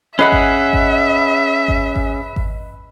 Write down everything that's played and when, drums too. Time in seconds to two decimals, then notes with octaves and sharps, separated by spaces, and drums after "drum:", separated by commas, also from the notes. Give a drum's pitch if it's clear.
0.19 C#4 G#4 B4 D#5 E5 F#5 B5
0.32 drum: kick G#1
0.73 drum: kick G#1
1.68 drum: kick G#1
1.96 drum: kick G#1
2.36 drum: kick G#1